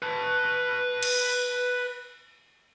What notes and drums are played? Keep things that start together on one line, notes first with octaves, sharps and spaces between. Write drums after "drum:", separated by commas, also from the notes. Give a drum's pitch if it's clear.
B4 A5
drum: cymbal